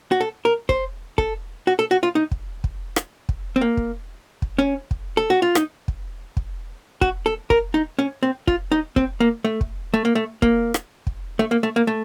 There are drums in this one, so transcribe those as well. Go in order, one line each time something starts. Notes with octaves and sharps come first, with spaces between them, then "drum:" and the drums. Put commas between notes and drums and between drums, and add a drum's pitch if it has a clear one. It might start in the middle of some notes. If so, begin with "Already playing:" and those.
F#4
A4
A#4
C5, drum: kick
A4, drum: kick
F#4
A4
F#4
F4
D#4
drum: kick
drum: kick
drum: rim click
drum: kick
C4
A#3
drum: kick
drum: kick
C#4
drum: kick
A4
F#4
F4
D#4, drum: rim click
drum: kick
drum: kick
F#4, drum: kick
A4
A#4, drum: kick
D#4
C#4
C4
F4, drum: kick
D#4
C4, drum: kick
A#3
A3
drum: kick
A3
A#3
A3
A#3, drum: kick
drum: rim click
drum: kick
A3
A#3
A3
A#3
A3